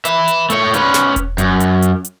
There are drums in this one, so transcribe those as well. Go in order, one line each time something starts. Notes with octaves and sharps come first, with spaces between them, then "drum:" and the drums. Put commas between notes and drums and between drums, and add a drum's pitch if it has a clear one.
B4 E5, drum: hi-hat
drum: hi-hat
A3 C#5, drum: hi-hat
C#4 B4, drum: hi-hat
drum: snare
drum: kick E1, hi-hat
F#2, drum: hi-hat
drum: hi-hat
drum: hi-hat
drum: hi-hat